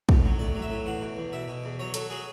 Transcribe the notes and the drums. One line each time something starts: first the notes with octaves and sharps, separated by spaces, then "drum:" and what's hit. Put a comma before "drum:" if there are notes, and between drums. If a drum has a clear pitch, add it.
A2, drum: kick
F#3
A2 D5
F#3
E5
A2
E2 F#5
B2
E2
B2 E5
B2
E2
F#3 C#5
F#3 A4, drum: hi-hat
F#3 G#4